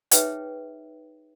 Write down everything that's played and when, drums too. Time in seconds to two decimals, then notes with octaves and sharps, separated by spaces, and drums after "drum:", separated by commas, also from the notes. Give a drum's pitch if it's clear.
0.11 D#4 G#4 B4 C#5 E5 G5, drum: hi-hat